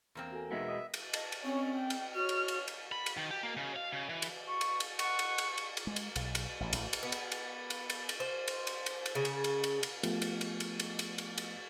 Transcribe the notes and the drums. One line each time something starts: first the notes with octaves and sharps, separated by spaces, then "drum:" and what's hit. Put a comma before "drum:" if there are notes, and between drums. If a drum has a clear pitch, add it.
E2 A#3 C4
F#4 A4 G#5
B2 G#3 B3 D#4 F#4 E5
D#5 D#6 D#7
drum: cymbal
D#5 A5, drum: cymbal
drum: cymbal
C4 C#4 C#5
G5
drum: cymbal
F#4 C#5 F6
drum: cymbal
drum: cymbal
drum: cymbal
B5
drum: cymbal
D#3
G4
A#3
C#3
F5
C#3
E3
drum: cymbal
C#6
drum: cymbal
drum: cymbal
F#5 C#6, drum: cymbal
drum: cymbal
drum: cymbal
drum: cymbal
drum: cymbal
G#3
drum: cymbal
B1, drum: cymbal
drum: cymbal
A1
A1, drum: cymbal
drum: cymbal
B3
drum: cymbal
drum: cymbal
drum: cymbal
drum: cymbal
drum: cymbal
C5
drum: cymbal
drum: cymbal
drum: cymbal
drum: cymbal
C#3
drum: cymbal
drum: cymbal
drum: cymbal
drum: cymbal
F3 A3 B3 F4 G4, drum: cymbal
drum: cymbal
drum: cymbal
drum: cymbal
drum: cymbal
drum: cymbal
drum: cymbal
drum: cymbal